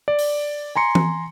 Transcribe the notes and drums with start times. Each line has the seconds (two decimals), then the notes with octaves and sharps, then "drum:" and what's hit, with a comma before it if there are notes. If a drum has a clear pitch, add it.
0.08 D5
0.19 drum: open hi-hat
0.75 G#5 A#5 C6 C#7
0.95 drum: tom E3